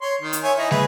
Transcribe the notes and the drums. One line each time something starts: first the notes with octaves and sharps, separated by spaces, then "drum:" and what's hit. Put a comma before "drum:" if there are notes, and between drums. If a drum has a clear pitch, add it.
C#5 C6
D#3
drum: hi-hat
C#5 E5 G#5
D#4 E4
G#4 B4, drum: snare